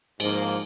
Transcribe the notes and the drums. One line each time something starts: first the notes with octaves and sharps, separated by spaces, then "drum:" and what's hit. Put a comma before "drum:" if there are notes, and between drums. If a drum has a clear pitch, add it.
G#2 F3 A#3, drum: cymbal